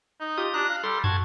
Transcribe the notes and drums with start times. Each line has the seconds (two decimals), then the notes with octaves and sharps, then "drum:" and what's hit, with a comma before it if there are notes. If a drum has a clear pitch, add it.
0.21 D#4
0.38 F4 G4 D#6
0.54 D4 A#5 F#6
0.69 F5
0.84 G3 A4 C6
1.04 F#4 A5 G#6, drum: tom